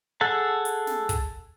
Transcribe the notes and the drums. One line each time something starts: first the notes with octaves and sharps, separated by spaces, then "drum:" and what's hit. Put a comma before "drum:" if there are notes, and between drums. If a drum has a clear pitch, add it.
G#4 A4 F#5 A5
drum: hi-hat
drum: snare
drum: kick, hi-hat